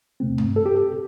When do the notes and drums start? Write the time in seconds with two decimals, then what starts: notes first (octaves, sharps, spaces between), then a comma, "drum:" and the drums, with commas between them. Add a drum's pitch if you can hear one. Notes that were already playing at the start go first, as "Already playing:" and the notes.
0.20 E2 C3 A3 C4
0.38 drum: tom G2
0.56 A4
0.66 G4
0.75 A4